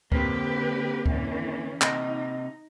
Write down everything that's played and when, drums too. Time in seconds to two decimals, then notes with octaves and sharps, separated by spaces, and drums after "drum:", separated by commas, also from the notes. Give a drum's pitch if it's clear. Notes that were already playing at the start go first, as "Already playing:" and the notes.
0.12 D3 A#3 C4 G4 B4, drum: kick D2
1.06 D3 E3 C#4, drum: kick D2
1.81 C3 D#4 D#5, drum: clap